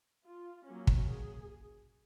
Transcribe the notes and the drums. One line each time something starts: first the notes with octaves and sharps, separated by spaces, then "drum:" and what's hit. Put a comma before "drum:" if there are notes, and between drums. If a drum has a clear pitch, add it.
F4
F#3 A#3 C#4
drum: kick
G#4